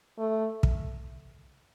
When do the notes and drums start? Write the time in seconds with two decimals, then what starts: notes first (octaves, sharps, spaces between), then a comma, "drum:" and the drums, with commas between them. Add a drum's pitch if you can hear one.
0.18 A3
0.63 drum: kick